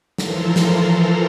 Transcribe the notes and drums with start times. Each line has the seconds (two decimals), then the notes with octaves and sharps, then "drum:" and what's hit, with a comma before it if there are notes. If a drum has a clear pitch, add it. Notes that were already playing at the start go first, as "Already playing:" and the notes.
0.18 E3 F3 A4 A#4 A#5 C6, drum: snare
0.56 drum: snare